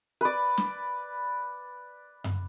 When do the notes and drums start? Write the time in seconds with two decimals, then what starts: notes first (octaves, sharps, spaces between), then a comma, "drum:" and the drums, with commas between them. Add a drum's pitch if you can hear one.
0.21 B4 D5
0.58 drum: snare
2.24 drum: tom F#2